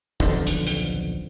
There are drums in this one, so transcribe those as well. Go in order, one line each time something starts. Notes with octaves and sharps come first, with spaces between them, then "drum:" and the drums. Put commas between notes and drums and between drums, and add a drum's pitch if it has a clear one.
D#1 B1 F2 D3, drum: kick
drum: hi-hat
drum: hi-hat